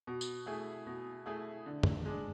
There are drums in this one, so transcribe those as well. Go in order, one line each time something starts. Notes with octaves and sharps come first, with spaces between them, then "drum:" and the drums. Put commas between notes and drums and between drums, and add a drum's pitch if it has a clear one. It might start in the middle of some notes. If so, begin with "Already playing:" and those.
B2
drum: tambourine
A3 E4 G#4
B2
A3 E4 G#4
D3
drum: tom
G#3 D4